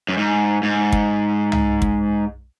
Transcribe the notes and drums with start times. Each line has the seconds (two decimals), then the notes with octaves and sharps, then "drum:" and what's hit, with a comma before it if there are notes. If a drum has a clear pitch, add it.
0.09 F#2
0.18 G#2
0.63 G#2
0.92 drum: kick
1.52 drum: tom C2
1.82 drum: kick